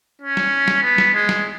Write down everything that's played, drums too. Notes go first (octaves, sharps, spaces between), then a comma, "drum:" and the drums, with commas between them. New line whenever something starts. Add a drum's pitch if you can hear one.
C#4
drum: snare
drum: snare
B3
drum: snare
G#3
drum: snare